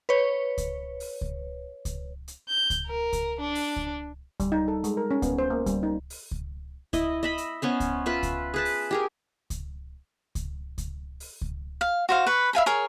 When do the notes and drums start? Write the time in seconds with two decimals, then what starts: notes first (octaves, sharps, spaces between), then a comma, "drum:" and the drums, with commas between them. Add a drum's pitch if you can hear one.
0.09 B4 C#5
0.58 drum: kick C#2, hi-hat
1.00 drum: open hi-hat
1.21 drum: kick C#2
1.85 drum: kick C#2, hi-hat
2.28 drum: hi-hat
2.48 G6
2.70 drum: kick C#2, hi-hat
2.86 A#4
3.13 drum: kick C#2, hi-hat
3.40 D4
3.55 drum: open hi-hat
3.76 drum: kick C#2
4.40 G3, drum: kick C#2, hi-hat
4.52 D#4
4.68 A4
4.84 G#3, drum: hi-hat
4.97 A#4
5.11 C#4
5.22 B3, drum: kick C#2, hi-hat
5.39 C5
5.50 A#3
5.66 G3, drum: kick C#2, hi-hat
5.83 D#4
6.10 drum: open hi-hat
6.31 drum: kick C#2
6.93 E4 D#5, drum: kick C#2, hi-hat
7.23 D#5 E5 B5
7.38 drum: hi-hat
7.62 B3 C#4 C5
7.80 drum: kick C#2, hi-hat
8.06 F4 B4 E5
8.23 drum: kick C#2, hi-hat
8.54 G#4 B4 A5
8.65 drum: open hi-hat
8.91 G4 G#4 A#4
9.50 drum: kick C#2, hi-hat
10.35 drum: kick C#2, hi-hat
10.78 drum: kick C#2, hi-hat
11.20 drum: open hi-hat
11.41 drum: kick C#2
11.81 F5
12.09 F#4 C5 F5
12.26 B4 C#6
12.53 E5 F5 G#5 B5
12.66 G#4 A#4 C#5